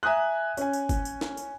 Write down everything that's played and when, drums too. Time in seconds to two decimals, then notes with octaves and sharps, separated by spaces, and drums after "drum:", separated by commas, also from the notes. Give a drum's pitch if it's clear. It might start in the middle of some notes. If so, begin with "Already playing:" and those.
0.03 E5 G#5 A#5 D#6 F#6
0.57 C#4 G#5, drum: tambourine
0.73 drum: tambourine
0.89 drum: kick, tambourine
1.05 drum: tambourine
1.21 drum: snare
1.37 drum: tambourine